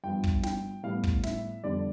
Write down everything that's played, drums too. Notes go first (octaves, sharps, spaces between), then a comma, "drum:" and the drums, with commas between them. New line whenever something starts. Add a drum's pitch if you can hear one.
G2 F3 B3 G5
drum: kick
G5, drum: snare
A2 G3 B3 F5
drum: kick
E5, drum: snare
F2 D3 G3 B3 D5